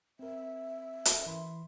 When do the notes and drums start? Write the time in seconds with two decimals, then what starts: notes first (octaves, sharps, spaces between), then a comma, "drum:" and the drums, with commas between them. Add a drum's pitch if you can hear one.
0.19 C4 A#4 E5
1.05 C#4 A4 A#4, drum: hi-hat
1.26 E3 B5 C6